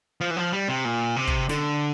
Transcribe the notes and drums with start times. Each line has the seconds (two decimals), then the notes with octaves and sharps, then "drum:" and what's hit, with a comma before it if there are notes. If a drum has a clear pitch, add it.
0.21 F3
0.30 E3
0.37 F3
0.52 G3
0.68 C3
0.85 A#2
1.16 C3
1.28 drum: kick
1.49 D3, drum: snare